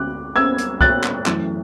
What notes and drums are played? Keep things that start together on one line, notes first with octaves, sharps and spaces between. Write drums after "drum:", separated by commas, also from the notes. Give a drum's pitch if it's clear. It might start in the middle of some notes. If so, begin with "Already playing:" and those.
Already playing: D2 D3 G#3 D6 F#6
E6 G#6
drum: hi-hat
F#6 A6, drum: kick
drum: clap
F#2 E3 A3, drum: clap